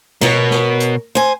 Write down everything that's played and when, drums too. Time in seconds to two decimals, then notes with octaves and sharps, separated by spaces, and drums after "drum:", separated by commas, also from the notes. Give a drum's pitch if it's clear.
0.21 B2 A#4 C#5, drum: snare
0.51 drum: snare
0.80 drum: hi-hat
1.15 C5 G#5